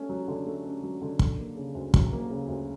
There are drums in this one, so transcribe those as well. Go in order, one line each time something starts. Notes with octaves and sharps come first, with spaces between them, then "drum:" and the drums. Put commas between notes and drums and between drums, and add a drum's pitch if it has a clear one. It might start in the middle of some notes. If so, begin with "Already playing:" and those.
Already playing: A3 C#4
F#3
D3
A3
C#4
F#3
D3
F#3, drum: kick
A#3
C#3
D2
F#3, drum: kick
A#3
C#3
D2